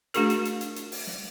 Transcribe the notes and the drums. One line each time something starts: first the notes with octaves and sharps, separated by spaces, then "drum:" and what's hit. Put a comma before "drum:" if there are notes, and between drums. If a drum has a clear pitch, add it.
A3 D4 F#4 G#4 A#4, drum: hi-hat
drum: hi-hat
drum: hi-hat
drum: hi-hat
drum: hi-hat
drum: open hi-hat
drum: snare